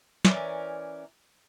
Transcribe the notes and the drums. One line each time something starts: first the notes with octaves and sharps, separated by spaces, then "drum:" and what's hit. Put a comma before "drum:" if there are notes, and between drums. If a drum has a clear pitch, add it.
E3 C#4 A#4 D5, drum: snare